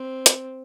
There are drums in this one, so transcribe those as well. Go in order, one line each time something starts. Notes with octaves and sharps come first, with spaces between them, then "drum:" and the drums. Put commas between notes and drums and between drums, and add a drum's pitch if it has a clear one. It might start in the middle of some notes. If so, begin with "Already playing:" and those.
Already playing: C4
drum: hi-hat